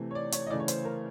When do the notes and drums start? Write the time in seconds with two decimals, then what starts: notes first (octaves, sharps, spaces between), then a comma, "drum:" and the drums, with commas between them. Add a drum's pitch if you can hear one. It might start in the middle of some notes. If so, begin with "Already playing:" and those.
Already playing: C3 E3 A3
0.11 C#5
0.15 D5
0.32 C#5, drum: hi-hat
0.47 D#5
0.50 C#3 E3 A3 D5
0.60 C#5
0.68 C5, drum: hi-hat
0.85 A#4